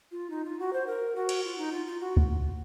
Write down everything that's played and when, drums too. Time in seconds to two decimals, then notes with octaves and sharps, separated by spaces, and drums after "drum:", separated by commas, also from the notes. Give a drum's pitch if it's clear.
0.12 F4
0.30 D#4
0.45 F4
0.59 F#4
0.73 C5
0.87 A#4
1.15 F#4
1.29 drum: cymbal
1.44 F4
1.58 D#4
1.72 F4
1.86 F4
2.00 F#4
2.17 drum: kick D2